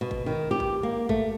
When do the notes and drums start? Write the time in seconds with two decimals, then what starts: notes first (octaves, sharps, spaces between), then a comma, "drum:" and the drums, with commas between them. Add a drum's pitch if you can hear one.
0.01 B2
0.11 drum: kick G#1
0.26 D#3
0.51 G4
0.60 drum: kick G#1
0.83 A#3
1.09 A3, drum: kick G#1